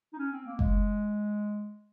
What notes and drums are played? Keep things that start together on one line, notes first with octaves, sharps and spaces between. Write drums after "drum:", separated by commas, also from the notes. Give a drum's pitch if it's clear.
D#4
C#4
C4
A#3
G#3, drum: kick F#1